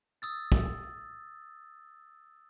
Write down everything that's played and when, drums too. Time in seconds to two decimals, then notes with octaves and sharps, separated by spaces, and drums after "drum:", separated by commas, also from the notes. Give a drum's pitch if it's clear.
0.22 D#6 E6 A6
0.52 drum: kick